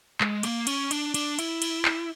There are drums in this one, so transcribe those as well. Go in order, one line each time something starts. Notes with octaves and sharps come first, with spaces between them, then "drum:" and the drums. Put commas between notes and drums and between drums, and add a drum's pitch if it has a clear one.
G#3, drum: clap
A#3, drum: cymbal
C#4, drum: cymbal
D4, drum: cymbal
D4, drum: cymbal
E4, drum: cymbal
drum: cymbal
drum: clap